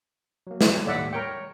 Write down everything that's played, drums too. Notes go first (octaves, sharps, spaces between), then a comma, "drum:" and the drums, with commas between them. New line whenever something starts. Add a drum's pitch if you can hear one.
F#3 A#3
drum: snare
D#2 A2 D#4 D5 E5 F#5
A#4 C#5 G5 C#7